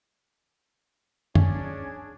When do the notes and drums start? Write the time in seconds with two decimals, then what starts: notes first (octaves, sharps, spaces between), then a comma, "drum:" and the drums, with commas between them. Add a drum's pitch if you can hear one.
1.35 C#4 D4 G#4 G#6, drum: tom F#2